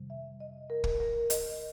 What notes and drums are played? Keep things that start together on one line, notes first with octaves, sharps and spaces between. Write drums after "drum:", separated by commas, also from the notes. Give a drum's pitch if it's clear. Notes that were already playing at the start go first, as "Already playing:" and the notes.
Already playing: F2 C3 D#3 G3
E5
D#5
A#4
drum: kick
A#4
D#5, drum: hi-hat